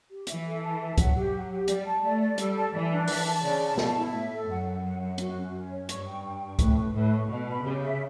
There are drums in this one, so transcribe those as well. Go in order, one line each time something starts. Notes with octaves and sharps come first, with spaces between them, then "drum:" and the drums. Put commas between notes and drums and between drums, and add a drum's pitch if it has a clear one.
G4
E3 E5, drum: hi-hat
A4
A5
E5
F#3 F#5, drum: kick C#2, hi-hat
G4
F#5
G4
G3 D5, drum: hi-hat
A5
A3 D5
D5
G3 A4, drum: hi-hat
A5
E3 D5
D4
E3 A5, drum: open hi-hat
A5
C#3 D5
A5
B2 A5, drum: snare
E4
A2 E5
A4
F#2 F#5
F#5
F#5
F#5
F#4, drum: hi-hat
C#4
C#4
C#5
G2 C#6, drum: hi-hat
G5
G5
C#6
A2 B4, drum: kick C#2, hi-hat
B4
A2 B4
C#6
B2 B4
B5
C#3 G4
E5